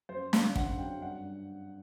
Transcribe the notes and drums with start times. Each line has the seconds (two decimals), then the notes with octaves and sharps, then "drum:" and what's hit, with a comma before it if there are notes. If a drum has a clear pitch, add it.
0.09 F#2 C5
0.33 D3 F5, drum: snare
0.56 F#2 F#5, drum: kick
0.79 F#3 G5
1.01 G2 F#5